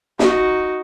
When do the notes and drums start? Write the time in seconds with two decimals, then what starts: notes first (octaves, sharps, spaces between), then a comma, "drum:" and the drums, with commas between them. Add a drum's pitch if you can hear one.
0.19 D#4 F#4, drum: snare